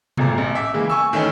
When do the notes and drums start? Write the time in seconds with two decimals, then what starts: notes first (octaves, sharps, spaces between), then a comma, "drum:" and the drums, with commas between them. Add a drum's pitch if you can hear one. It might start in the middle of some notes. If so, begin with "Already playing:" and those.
0.17 D#1 G#1 A#2 A3 A#5, drum: tom B2
0.38 A1
0.55 E5 D6
0.74 C#3 E3 G#3 A#3
0.90 G#5 C#6 E6
1.13 D#3 E3 A3 C#4 D#4